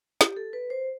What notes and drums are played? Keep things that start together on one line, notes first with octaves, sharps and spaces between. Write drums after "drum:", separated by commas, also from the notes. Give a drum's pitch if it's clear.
G4, drum: snare
A4
B4
C5